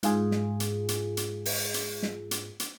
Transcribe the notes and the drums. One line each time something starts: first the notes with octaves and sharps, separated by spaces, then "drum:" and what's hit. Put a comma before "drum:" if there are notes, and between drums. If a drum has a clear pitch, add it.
G#2 F4 G#4, drum: hi-hat
drum: snare
drum: hi-hat
drum: hi-hat
drum: hi-hat
drum: open hi-hat
drum: hi-hat
drum: snare
drum: hi-hat
drum: hi-hat